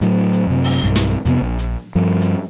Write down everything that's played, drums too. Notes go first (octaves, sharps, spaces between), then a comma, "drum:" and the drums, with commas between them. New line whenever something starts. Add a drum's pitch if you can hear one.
A2 F#3, drum: hi-hat
drum: hi-hat
F#2 C3
drum: open hi-hat
B1 G2
drum: snare
F2 C3 A3 B3, drum: hi-hat
A#1
drum: hi-hat
G2 F3
drum: hi-hat